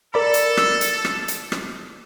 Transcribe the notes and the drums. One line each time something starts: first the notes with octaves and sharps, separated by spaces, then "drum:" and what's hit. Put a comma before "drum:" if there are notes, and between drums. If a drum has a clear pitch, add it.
A4 A#4 D5 B5
drum: hi-hat
E6, drum: rim click
drum: hi-hat
drum: rim click
drum: hi-hat
drum: rim click